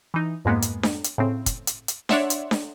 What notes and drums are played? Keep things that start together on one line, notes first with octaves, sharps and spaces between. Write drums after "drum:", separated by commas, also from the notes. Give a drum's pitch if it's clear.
E3 D#4
F2 G#2 G#3 A#3 B3
drum: hi-hat
drum: snare D4
drum: hi-hat
A2 C#3 C4
drum: kick, hi-hat
drum: hi-hat
drum: hi-hat
D4 C#5 D5 E5 F#5 C6, drum: snare D4
drum: hi-hat
drum: snare D4